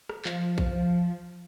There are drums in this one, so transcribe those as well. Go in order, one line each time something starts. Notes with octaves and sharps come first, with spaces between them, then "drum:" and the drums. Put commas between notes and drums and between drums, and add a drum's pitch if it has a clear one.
drum: rim click
F3, drum: clap
drum: kick